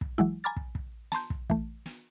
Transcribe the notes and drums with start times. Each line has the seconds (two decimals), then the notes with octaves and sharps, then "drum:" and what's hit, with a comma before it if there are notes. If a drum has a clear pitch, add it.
0.01 drum: kick
0.18 E3 F#3 G#3 E4
0.44 G#5 A#5 B5 D6 F6 A6
0.56 drum: kick
0.75 drum: kick
1.12 A5 A#5 C6 G6, drum: snare
1.30 drum: kick
1.50 E3 A3, drum: kick
1.86 drum: snare